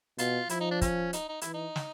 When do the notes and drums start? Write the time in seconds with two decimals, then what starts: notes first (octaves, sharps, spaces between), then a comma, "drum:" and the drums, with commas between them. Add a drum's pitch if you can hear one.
0.18 B2 F4, drum: hi-hat
0.49 F3 E4, drum: hi-hat
0.60 D#4
0.71 D4
0.81 C#4, drum: kick, hi-hat
1.13 D#4, drum: hi-hat
1.29 D#4
1.41 E3 E4, drum: hi-hat
1.54 D#4
1.76 drum: snare